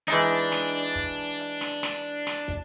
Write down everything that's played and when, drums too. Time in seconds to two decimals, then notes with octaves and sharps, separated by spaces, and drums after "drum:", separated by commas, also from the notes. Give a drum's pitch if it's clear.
0.08 E3 G#3 D4 D#4, drum: hi-hat
0.52 drum: snare
0.95 drum: kick, hi-hat
1.39 drum: hi-hat
1.61 drum: snare
1.83 drum: snare
2.27 drum: snare
2.49 drum: kick